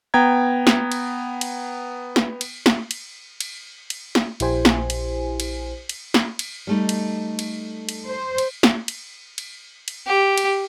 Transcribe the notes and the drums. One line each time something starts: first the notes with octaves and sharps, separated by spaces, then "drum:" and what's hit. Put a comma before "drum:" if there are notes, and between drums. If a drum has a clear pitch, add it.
B3 G5 A#5 G#6
drum: snare
drum: cymbal
drum: cymbal
drum: snare
drum: cymbal
drum: snare
drum: cymbal
drum: cymbal
drum: cymbal
drum: snare
A#1 E4 G4 C5 G#5, drum: cymbal
drum: snare
drum: cymbal
drum: cymbal
drum: cymbal
drum: snare
drum: cymbal
G3 A3 D#4
drum: cymbal
drum: cymbal
drum: cymbal
C5
drum: cymbal
drum: snare
drum: cymbal
drum: cymbal
drum: cymbal
G4
drum: cymbal